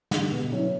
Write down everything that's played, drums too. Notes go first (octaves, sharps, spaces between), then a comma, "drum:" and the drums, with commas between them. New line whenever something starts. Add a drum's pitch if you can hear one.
D3 G3, drum: snare
B2
F#3 C#4 E4